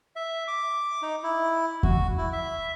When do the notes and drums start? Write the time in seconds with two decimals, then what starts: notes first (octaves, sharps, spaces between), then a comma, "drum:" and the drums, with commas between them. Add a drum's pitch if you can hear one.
0.16 E5
0.48 D6
1.02 D#4
1.23 E4
1.83 F#4, drum: kick E2
2.18 E4
2.33 E5